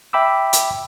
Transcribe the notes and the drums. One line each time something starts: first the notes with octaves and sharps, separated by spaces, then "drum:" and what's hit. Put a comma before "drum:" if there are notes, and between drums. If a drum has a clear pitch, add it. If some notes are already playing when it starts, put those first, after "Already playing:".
E5 G5 B5 D6 E6
drum: hi-hat